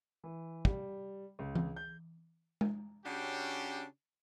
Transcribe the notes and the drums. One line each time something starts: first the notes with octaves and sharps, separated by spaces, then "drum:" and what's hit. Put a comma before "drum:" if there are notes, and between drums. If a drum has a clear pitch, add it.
E3
G3, drum: kick
C#2
drum: tom E3
G6
drum: tom G#3
C#3 C#4 D4 F#4 G4